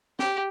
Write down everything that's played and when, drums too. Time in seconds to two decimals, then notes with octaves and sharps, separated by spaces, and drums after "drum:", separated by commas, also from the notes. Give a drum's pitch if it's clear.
0.19 G4, drum: snare